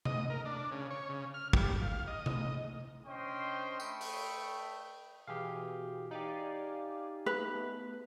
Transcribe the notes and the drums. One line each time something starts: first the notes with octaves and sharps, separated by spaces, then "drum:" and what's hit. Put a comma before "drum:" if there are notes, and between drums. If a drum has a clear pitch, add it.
D#5, drum: tom C3
A#4
D4
C#3
C#5
C#3
F6
G3, drum: kick
F5
D#5
drum: tom C3
C#4 D4 C5 D#5 G5 C6
A3 A4 G5 B5 C#6 D#6, drum: tambourine
drum: open hi-hat
B2 E3 G4 G#4 F5
D#4 G4 D5 F5 G#5
A3 B3 B4